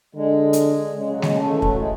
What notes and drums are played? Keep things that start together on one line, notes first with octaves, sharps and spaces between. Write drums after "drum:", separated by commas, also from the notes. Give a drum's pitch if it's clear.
D3 G#3
drum: hi-hat
C#3 G#3
F#3
G#3, drum: snare G#3
A3
E3
F#3, drum: kick
G#3